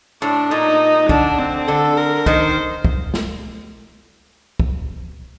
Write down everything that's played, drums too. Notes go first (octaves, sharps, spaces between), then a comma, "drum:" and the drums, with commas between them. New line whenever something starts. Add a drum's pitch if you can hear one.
A2 D4
A#2 D#4
D3 D4, drum: kick
C4
D3 A4
A#4
D#3 C5, drum: kick
drum: kick
drum: snare
drum: kick